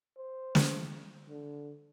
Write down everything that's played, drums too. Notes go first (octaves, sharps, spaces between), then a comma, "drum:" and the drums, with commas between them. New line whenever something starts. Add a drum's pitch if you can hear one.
C5
drum: snare
D3